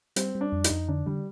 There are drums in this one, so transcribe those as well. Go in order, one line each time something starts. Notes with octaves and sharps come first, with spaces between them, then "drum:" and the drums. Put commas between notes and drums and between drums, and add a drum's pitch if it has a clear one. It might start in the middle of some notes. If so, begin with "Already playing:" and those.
G3 C4, drum: hi-hat
G3
D4
F2
D#4, drum: hi-hat
F2
D3 D4
D3 G3